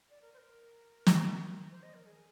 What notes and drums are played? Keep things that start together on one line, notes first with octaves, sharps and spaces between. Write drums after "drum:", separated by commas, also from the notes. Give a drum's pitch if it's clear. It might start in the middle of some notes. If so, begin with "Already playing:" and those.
D5
A#4
C5
A#4
drum: snare
C5
D#5
A#4
G#4